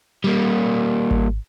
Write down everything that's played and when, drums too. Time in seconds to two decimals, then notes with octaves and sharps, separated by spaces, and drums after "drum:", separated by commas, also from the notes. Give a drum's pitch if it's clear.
0.24 G3 A#3
1.11 drum: kick G#1